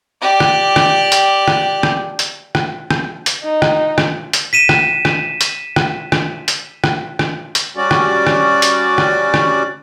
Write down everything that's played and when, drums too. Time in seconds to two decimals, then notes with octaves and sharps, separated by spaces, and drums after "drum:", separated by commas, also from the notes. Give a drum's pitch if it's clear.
0.22 G4 D5
0.40 drum: rim click
0.76 drum: rim click
1.12 drum: hi-hat
1.48 drum: rim click
1.83 drum: rim click
2.19 drum: hi-hat
2.55 drum: rim click
2.90 drum: rim click
3.26 drum: hi-hat
3.44 D#4
3.62 drum: rim click
3.98 drum: rim click
4.33 drum: hi-hat
4.53 B6 D#7 E7
4.69 drum: rim click
5.05 drum: rim click
5.41 drum: hi-hat
5.76 drum: rim click
6.12 drum: rim click
6.48 drum: hi-hat
6.84 drum: rim click
7.19 drum: rim click
7.55 drum: hi-hat
7.77 G3 C#4 F#4 D5
7.91 drum: rim click
8.27 drum: rim click
8.62 drum: hi-hat
8.98 drum: rim click
9.34 drum: rim click